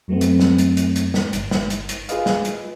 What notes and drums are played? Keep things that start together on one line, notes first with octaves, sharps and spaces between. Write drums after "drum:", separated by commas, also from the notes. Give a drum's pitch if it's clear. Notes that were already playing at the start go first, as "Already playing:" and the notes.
F#2 F#3 A3 B3 C4
drum: hi-hat
drum: snare
drum: hi-hat
drum: hi-hat
drum: hi-hat
drum: snare
G1, drum: hi-hat
drum: snare
drum: hi-hat
drum: hi-hat
F4 G#4 B4 D#5 F5, drum: hi-hat
drum: snare
drum: hi-hat